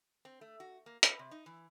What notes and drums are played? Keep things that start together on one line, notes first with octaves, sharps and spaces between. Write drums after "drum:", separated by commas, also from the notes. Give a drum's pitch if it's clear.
C4
A3
F#4
A#3
B4, drum: hi-hat
C3
D#4
E3